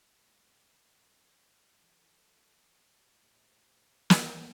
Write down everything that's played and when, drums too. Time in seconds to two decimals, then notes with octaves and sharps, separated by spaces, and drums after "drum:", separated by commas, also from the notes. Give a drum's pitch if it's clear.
0.20 C#2 G2 D#3 G3 A3 C4
1.05 B2 F3 C#4
1.82 E3 F#3 A4
3.22 A2 C3
4.10 drum: snare